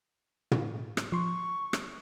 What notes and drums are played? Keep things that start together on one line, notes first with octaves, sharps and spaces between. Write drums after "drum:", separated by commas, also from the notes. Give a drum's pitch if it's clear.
drum: tom
drum: rim click
F3 C6 C#6
drum: rim click